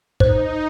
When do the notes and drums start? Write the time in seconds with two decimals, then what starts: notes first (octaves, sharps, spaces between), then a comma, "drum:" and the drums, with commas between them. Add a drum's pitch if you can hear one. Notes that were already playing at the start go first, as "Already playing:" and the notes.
0.20 D#4 C5, drum: kick